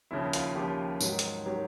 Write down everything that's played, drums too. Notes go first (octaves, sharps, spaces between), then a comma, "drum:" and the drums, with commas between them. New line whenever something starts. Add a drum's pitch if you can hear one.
D#2 C#3 F3 E4
F4, drum: hi-hat
D#2 C#3 F3 G4
G#2 D#3 F#3, drum: tambourine
drum: hi-hat
D#3 F#3 G4